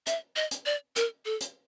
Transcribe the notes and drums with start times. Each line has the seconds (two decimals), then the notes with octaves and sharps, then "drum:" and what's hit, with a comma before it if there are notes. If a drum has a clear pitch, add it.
0.07 E5, drum: hi-hat
0.36 D#5
0.51 drum: hi-hat
0.66 D5
0.96 A#4, drum: hi-hat
1.25 A4
1.41 drum: hi-hat